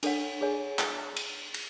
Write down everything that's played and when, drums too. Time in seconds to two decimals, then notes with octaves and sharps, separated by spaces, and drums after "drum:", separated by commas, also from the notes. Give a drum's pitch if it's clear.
0.03 D4 A4 C#5 F#5, drum: cymbal
0.41 G#4 C#5 G#5
0.79 drum: clap
1.17 drum: cymbal
1.54 drum: cymbal